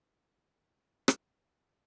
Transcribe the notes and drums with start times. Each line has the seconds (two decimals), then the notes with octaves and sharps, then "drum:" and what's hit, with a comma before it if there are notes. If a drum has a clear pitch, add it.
0.25 C#2 B2 F#3 B3 C#4
0.47 C#4
0.63 C#4
0.69 D4
1.08 drum: rim click
1.57 B2 G#3 B3